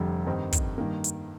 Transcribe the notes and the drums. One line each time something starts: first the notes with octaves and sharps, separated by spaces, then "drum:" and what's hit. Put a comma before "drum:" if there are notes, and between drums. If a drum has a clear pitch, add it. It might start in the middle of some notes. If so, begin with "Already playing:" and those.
Already playing: F1 F2 D3 G3
G2 D#3 G3 C4 D#4
drum: kick, hi-hat
G2 D#3 A#3
drum: hi-hat